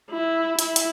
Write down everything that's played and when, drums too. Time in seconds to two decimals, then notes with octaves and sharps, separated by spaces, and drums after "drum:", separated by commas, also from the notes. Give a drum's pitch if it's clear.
0.11 E4
0.59 E4, drum: hi-hat
0.76 drum: hi-hat